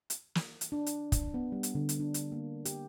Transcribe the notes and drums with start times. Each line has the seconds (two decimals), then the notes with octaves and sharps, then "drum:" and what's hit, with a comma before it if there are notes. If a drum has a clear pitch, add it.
0.10 drum: hi-hat
0.35 drum: snare
0.61 drum: hi-hat
0.72 D4
0.86 drum: hi-hat
1.12 drum: kick, hi-hat
1.34 B3
1.52 G3
1.63 drum: hi-hat
1.75 D3
1.89 drum: hi-hat
2.00 D4
2.14 drum: hi-hat
2.32 A#3
2.65 G4, drum: hi-hat